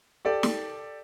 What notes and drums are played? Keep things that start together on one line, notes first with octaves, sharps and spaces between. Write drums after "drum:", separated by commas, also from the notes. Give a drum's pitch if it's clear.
G4 A4 D5
drum: snare